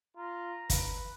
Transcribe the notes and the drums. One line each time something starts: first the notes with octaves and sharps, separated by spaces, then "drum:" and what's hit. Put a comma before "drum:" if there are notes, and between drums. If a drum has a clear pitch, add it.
F4 A#5
B4, drum: kick, hi-hat